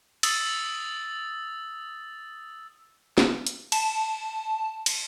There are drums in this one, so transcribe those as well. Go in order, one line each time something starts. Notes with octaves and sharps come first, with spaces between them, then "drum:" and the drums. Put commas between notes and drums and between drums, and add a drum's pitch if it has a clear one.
D#6 E6 A6, drum: cymbal
drum: snare
drum: hi-hat
A5, drum: cymbal
drum: cymbal